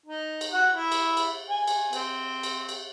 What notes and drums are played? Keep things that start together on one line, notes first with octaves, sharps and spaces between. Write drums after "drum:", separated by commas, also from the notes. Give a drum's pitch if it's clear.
D#4
drum: cymbal
F#4 F#5
E4
drum: cymbal
drum: cymbal
G#5
drum: cymbal
C4, drum: cymbal
drum: cymbal
drum: cymbal